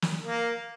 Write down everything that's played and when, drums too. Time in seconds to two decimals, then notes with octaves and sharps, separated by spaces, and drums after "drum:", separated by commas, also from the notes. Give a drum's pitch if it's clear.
0.02 drum: snare
0.25 A#3